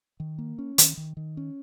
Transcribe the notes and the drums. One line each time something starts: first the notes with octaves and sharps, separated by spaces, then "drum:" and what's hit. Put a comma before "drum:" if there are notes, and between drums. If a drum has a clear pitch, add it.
D#3
A#3
C#4
D#3, drum: hi-hat
D#3
D#3
C#4